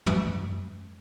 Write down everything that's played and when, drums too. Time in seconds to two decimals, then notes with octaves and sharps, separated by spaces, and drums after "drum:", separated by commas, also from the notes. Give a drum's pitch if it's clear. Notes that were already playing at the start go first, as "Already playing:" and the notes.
0.06 F2, drum: tom
0.27 F#2